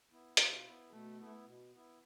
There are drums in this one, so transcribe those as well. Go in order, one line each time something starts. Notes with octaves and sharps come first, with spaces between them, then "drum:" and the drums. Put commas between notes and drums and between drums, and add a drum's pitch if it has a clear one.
B3 E4
B2 F4, drum: hi-hat
B3 E4
B2 A3
B3 E4
B2
B3
E4